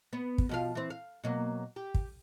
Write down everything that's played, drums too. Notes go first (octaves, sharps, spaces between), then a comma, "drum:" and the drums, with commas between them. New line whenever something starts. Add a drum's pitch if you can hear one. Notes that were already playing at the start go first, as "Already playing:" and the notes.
B3
drum: kick
B2 F3 F5
E3 C4
F5
B2 F#3 A#3
G4
drum: kick